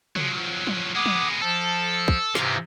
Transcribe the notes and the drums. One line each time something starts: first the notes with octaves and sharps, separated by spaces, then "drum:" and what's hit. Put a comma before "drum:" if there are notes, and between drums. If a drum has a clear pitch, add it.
F3 F#3, drum: tom C3
drum: tom
G#3 B3 F#5 D6 D#6
drum: tom
F3 A4
drum: kick
G#2 C3 E3 F4, drum: snare